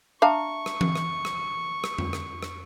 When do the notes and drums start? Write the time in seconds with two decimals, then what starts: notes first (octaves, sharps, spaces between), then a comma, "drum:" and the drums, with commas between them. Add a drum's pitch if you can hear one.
0.22 D4 E5 F5 A5 A#5 C#6
0.66 drum: rim click
0.81 drum: tom E3
0.96 drum: rim click
1.25 drum: rim click
1.84 drum: rim click
1.98 drum: tom F2
2.13 drum: rim click
2.43 drum: rim click